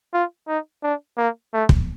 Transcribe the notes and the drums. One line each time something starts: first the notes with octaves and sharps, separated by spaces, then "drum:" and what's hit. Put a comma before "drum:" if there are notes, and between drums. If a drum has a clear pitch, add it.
F4
D#4
D4
A#3
A3
drum: kick